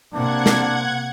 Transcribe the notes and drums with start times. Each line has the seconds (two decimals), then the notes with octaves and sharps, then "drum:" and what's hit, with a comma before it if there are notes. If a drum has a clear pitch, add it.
0.14 C3 A#3 D4 F#5 G#6
0.46 drum: snare